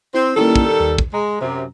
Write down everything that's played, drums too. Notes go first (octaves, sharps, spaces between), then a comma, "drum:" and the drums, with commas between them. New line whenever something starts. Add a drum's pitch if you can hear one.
C4 E4
D#3 G3 A#3 C#4 E4 A4
drum: kick
D#2
drum: kick
G#3 A#5
F#2 C3